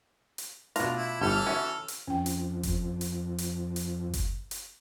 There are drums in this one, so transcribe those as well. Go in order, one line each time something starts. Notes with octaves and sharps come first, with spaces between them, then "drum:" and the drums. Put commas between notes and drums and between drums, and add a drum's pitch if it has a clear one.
drum: hi-hat
B2 A3 D4 F4 A#5, drum: hi-hat
E4
G1 E3 E4 G4 A4 F6
C#4 F#4 E5
drum: hi-hat
F2 C#4 G5
drum: hi-hat
drum: kick F#1, hi-hat
drum: hi-hat
drum: hi-hat
drum: hi-hat
drum: kick F#1, hi-hat
drum: hi-hat